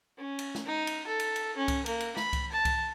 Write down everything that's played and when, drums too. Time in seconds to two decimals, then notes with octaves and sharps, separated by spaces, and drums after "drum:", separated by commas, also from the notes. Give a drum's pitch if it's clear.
0.18 C#4
0.39 drum: cymbal
0.55 drum: snare
0.66 D#4
0.87 drum: cymbal
1.07 A4
1.20 drum: cymbal
1.36 drum: cymbal
1.57 C#4
1.68 drum: kick C2, cymbal
1.86 A#3, drum: cymbal
2.00 drum: cymbal
2.17 B5, drum: snare
2.33 drum: kick C2, cymbal
2.52 A5
2.65 drum: kick C2, cymbal